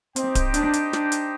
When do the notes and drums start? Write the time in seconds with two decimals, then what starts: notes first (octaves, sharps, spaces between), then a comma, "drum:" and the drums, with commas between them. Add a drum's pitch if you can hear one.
0.16 C4 D#4 G4 C5 D#5 G5, drum: hi-hat
0.35 drum: kick D1, hi-hat
0.54 D4, drum: hi-hat
0.73 drum: hi-hat
0.93 D4, drum: snare
1.12 drum: hi-hat